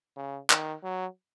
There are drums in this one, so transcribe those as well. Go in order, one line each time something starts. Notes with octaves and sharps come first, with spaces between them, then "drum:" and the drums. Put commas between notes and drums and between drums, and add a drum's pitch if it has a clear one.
C#3
D#3, drum: clap
F#3